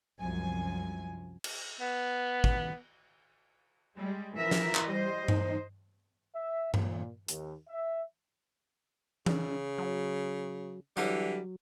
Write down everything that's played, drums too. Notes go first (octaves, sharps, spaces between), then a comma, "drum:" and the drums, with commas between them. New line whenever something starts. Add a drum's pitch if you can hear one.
C2 F#2 F3 G#5
drum: cymbal
B3
drum: kick
G3 G#3
E3 F3 A#4 E5
drum: snare
drum: clap
G3 C5 D#5
D#4, drum: tom G2
E5
A#2, drum: tom G2
D#2, drum: hi-hat
E5
C#3, drum: tom E3
F#3
D3 E3 F#3 G3, drum: tambourine